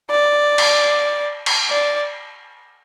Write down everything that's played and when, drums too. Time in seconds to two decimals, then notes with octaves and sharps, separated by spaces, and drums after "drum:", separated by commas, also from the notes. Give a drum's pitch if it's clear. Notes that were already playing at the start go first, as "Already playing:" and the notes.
0.11 D5
0.58 drum: cymbal
1.46 drum: cymbal
1.70 D5